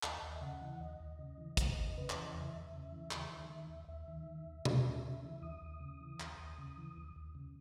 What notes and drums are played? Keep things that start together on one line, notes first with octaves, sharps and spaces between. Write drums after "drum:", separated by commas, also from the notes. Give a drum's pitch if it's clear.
D#2 D#5, drum: clap
D#2
E5
C#3 F#5
E3
D#2 D#5
D#2
C#3
E3
E2, drum: kick, hi-hat
E2
C#3 B4
C#5, drum: clap
E3
D#5
E2 E5
E2
C#3
E3
D#2, drum: clap
D#3
D#3
D#2
D#2 E5
D#3
D#3
D#2
D#2, drum: tom B2
D#2
C#3
E3
D#2 D#6
D#2
C#3
E3
D#2, drum: clap
D#2
C#3
E3
D#2
D#2
C#3